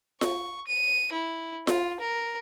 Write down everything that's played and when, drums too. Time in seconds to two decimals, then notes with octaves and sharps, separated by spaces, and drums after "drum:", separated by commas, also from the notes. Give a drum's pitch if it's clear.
0.21 C#6, drum: snare F4
0.67 D#7
1.12 E4
1.67 F4, drum: snare F4
2.00 A#4